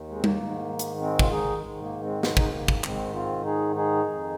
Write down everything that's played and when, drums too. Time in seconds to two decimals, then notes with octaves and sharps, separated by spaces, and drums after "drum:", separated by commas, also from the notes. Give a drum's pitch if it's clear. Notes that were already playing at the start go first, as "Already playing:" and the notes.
Already playing: D#2 D#3
0.09 G#3
0.18 C4
0.24 A#3, drum: tom G3
0.40 G#2 D#3
0.79 drum: hi-hat
1.01 G#3 C4
1.19 F4, drum: kick
1.31 D#4 G#4
1.62 G#2 D#3 G#3
1.82 A#3
2.03 G#3 C4
2.23 G#3, drum: snare
2.37 D#4, drum: kick
2.45 C4
2.53 A#3
2.68 drum: kick
2.84 G#2 D#3 G#3 C4, drum: clap
3.15 C4 F4
3.45 D#4 G#4
3.76 D#4 G#4
4.07 F2 D#3